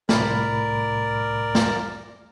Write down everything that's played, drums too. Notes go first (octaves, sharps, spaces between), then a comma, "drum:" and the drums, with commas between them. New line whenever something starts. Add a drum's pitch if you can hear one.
C2 A2 A#4 D5 B5, drum: snare
drum: snare